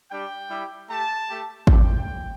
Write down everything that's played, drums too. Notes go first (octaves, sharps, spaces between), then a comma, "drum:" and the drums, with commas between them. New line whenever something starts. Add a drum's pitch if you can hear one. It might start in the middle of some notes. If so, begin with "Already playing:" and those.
G3 D4 G4 G5
G3 E4 G4
A3 G4 A5
A3 G4
A3 D4 G4 G5, drum: kick